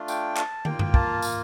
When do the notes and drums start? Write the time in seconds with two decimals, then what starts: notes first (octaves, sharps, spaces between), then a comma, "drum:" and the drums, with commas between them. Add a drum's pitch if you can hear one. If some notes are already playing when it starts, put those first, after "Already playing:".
Already playing: A3 D4 F4
0.08 G5, drum: tambourine
0.37 A5, drum: clap
0.65 A#3 F4 G5, drum: tom
0.79 drum: tom F#2
0.94 A5, drum: kick
1.22 drum: tambourine